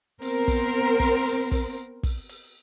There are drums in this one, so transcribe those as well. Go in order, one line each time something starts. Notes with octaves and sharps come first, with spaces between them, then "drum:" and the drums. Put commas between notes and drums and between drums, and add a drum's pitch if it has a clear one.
B3 C4 A#4 C5, drum: open hi-hat
drum: kick, open hi-hat
drum: kick, open hi-hat
drum: open hi-hat
drum: kick, open hi-hat
drum: kick, open hi-hat
drum: open hi-hat